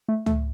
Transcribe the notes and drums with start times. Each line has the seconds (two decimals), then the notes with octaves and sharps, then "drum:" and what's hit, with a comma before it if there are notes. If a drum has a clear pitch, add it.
0.08 A3
0.26 A3, drum: tom C#2